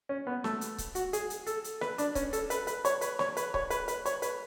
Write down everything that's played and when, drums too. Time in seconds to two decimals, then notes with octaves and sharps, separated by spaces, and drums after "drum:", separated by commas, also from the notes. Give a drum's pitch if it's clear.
0.09 C#4
0.27 B3
0.44 A3, drum: snare
0.61 drum: hi-hat
0.78 drum: kick C#1, hi-hat
0.95 F#4, drum: hi-hat
1.13 G#4, drum: hi-hat
1.30 drum: hi-hat
1.47 A4, drum: hi-hat
1.64 drum: hi-hat
1.81 B4, drum: snare
1.98 D4, drum: hi-hat
2.15 C#4, drum: kick C#1, hi-hat
2.33 A4, drum: hi-hat
2.50 B4, drum: hi-hat
2.67 B4, drum: hi-hat
2.85 C#5, drum: hi-hat
3.01 B4, drum: hi-hat
3.19 C#5, drum: snare
3.37 B4, drum: hi-hat
3.54 C#5, drum: kick C#1
3.70 B4, drum: hi-hat
3.88 B4, drum: hi-hat
4.06 C#5, drum: hi-hat
4.22 B4, drum: hi-hat